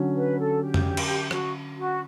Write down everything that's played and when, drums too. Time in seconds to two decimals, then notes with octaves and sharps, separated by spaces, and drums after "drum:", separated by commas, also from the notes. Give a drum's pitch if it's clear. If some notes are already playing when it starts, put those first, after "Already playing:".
Already playing: D3 F#3 C#4
0.15 B4
0.39 A4
0.62 G4
0.74 drum: tom F2
0.97 drum: cymbal
1.31 F#4, drum: rim click
1.78 F#4